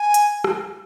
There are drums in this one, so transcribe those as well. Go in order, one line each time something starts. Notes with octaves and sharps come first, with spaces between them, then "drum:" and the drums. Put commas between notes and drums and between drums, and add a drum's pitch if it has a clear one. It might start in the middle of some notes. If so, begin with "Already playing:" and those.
Already playing: G#5
drum: hi-hat
drum: rim click